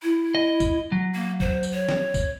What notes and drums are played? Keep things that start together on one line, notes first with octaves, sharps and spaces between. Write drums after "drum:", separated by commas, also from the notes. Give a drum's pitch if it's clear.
E4
D#5
drum: kick, tambourine
F#3
A#3
C5, drum: kick
drum: tambourine
C#5
drum: snare
drum: kick, tambourine